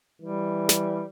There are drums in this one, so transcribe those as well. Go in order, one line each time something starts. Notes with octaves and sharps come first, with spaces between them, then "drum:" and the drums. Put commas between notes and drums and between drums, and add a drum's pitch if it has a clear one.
E3 G3
drum: snare